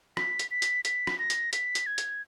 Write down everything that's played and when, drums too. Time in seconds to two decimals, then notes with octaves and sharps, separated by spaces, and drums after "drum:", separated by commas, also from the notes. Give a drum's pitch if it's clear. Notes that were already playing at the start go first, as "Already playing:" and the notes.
0.17 B6, drum: rim click
0.39 drum: hi-hat
0.51 B6
0.62 drum: hi-hat
0.85 B6, drum: hi-hat
1.07 drum: rim click
1.19 A#6
1.30 drum: hi-hat
1.53 B6, drum: hi-hat
1.75 drum: hi-hat
1.86 G#6
1.98 drum: hi-hat